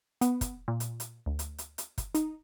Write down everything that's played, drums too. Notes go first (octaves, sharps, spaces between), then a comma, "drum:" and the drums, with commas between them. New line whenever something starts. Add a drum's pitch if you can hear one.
B3, drum: hi-hat
drum: kick, hi-hat
A#2
drum: hi-hat
drum: hi-hat
D2
drum: hi-hat
drum: hi-hat
drum: hi-hat
drum: kick, hi-hat
D#4, drum: hi-hat